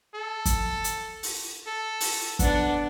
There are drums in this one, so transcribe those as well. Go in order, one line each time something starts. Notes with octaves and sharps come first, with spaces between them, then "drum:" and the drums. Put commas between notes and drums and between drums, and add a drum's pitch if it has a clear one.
A4
drum: kick, hi-hat
drum: hi-hat
drum: open hi-hat
A4
drum: open hi-hat
B3 D4 F#5, drum: kick, hi-hat